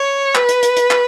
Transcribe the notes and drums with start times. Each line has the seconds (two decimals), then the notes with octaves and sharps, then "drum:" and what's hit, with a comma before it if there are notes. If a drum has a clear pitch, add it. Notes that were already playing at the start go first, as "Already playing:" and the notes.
Already playing: C#5
0.35 B4, drum: clap
0.49 drum: hi-hat
0.63 drum: hi-hat
0.77 drum: hi-hat
0.91 drum: clap